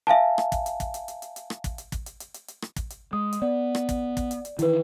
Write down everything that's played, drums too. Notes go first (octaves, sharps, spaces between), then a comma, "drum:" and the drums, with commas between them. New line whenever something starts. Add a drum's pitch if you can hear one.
E5 F5 G#5 A5
drum: rim click
drum: kick, hi-hat
drum: hi-hat
drum: kick, hi-hat
drum: hi-hat
drum: hi-hat
drum: hi-hat
drum: hi-hat
drum: rim click
drum: kick, hi-hat
drum: hi-hat
drum: kick, hi-hat
drum: hi-hat
drum: hi-hat
drum: hi-hat
drum: hi-hat
drum: rim click
drum: kick, hi-hat
drum: hi-hat
G#3 D#6
drum: hi-hat
B3 D5
drum: rim click
drum: kick, hi-hat
drum: kick, hi-hat
drum: hi-hat
drum: hi-hat
D#3 E3 E4 B4, drum: hi-hat